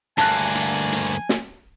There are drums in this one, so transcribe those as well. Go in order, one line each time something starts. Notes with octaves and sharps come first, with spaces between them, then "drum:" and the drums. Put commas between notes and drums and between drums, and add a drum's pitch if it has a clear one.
D2 G2 A#3 G#5 A5 F#6, drum: hi-hat
drum: hi-hat
drum: hi-hat
drum: snare